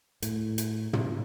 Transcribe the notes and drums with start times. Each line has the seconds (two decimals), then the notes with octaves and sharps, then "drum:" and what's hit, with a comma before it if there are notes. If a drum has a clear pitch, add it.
0.22 A2, drum: hi-hat
0.58 drum: hi-hat
0.93 drum: tom